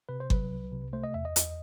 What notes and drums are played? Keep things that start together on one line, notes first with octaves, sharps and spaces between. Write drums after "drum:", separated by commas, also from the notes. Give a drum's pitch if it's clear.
C3 B4
C5
F#3 B4, drum: kick G1
C2
C3
A3 C5
D#5
E2 E5
D#5
E2, drum: hi-hat